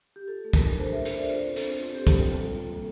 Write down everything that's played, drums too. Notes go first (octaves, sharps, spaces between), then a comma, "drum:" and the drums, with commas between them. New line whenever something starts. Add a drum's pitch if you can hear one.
G4
F4 A4
A3 A4
A#4, drum: kick, hi-hat
D4 A4
D4 C5
F4 E5
C5, drum: hi-hat
D4 D5
F4 C5
C4
A4, drum: hi-hat
F4
C4 A4
C4 G4
A4, drum: kick, hi-hat
G3
F4
F4
A#3